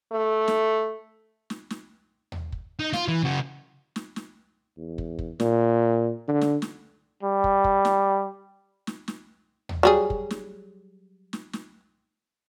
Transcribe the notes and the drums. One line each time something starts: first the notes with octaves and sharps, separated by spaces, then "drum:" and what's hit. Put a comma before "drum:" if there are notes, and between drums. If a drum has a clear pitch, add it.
A3
drum: snare
drum: snare
drum: snare
drum: tom D#2
drum: kick
D#4
F4, drum: snare
E3
C#3 F#4
drum: snare
drum: snare
E2
drum: kick
drum: kick
A#2, drum: snare
D3
drum: snare
drum: snare
G3
drum: kick
drum: kick
drum: snare
drum: snare
drum: snare
drum: tom D#2
F#3 G3 G#4
drum: kick
drum: snare
drum: snare
drum: snare